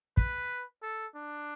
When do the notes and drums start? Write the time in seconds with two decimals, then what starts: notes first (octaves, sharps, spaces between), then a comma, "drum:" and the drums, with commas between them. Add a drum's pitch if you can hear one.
0.17 B4, drum: kick
0.83 A4
1.15 D4